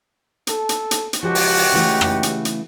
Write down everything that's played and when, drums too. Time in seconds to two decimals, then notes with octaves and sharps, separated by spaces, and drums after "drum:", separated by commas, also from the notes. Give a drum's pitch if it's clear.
0.47 A4, drum: hi-hat
0.69 drum: hi-hat
0.91 drum: hi-hat
1.13 drum: hi-hat
1.23 C#2 F3 F#4 G4
1.35 drum: open hi-hat
1.57 drum: open hi-hat
1.72 C#3 E3 A3
2.01 drum: rim click
2.23 drum: hi-hat
2.45 drum: hi-hat